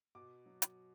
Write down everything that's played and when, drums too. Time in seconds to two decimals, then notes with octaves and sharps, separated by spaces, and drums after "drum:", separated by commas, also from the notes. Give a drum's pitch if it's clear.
0.15 B2 D6
0.46 F#3
0.62 drum: hi-hat